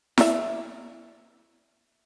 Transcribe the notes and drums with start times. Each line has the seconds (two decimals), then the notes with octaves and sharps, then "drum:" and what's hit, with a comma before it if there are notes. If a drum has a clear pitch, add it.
0.18 D5 E5, drum: snare E4